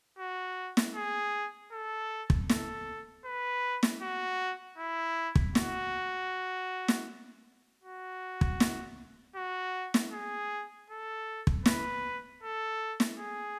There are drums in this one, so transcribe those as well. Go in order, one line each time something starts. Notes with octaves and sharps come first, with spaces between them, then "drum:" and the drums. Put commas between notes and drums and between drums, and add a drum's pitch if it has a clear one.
F#4
drum: snare
G#4
A4
drum: kick
A4, drum: snare
B4
drum: snare
F#4
E4
drum: kick
F#4, drum: snare
drum: snare
F#4
drum: kick
drum: snare
F#4
drum: snare
G#4
A4
drum: kick
B4, drum: snare
A4
drum: snare
G#4